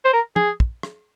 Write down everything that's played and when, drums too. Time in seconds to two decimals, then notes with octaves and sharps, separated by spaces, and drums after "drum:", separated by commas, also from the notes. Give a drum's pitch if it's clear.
0.05 C5
0.13 A#4
0.36 G#4, drum: tom
0.60 drum: kick
0.83 drum: rim click